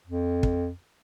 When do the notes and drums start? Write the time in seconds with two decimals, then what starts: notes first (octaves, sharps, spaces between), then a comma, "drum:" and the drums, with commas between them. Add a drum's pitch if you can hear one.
0.06 F2
0.43 drum: kick